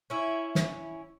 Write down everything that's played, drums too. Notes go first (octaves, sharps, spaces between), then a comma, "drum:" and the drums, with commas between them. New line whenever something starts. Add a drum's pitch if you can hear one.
C#4 E4
drum: snare